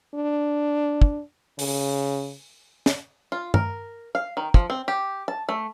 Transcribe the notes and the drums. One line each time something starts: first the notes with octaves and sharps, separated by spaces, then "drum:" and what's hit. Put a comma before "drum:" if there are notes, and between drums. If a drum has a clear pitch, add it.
D4
drum: kick
C#3, drum: open hi-hat
drum: snare
F4
A#4, drum: tom G2
F5
D#3
F3, drum: kick
C4
G4
A5
A3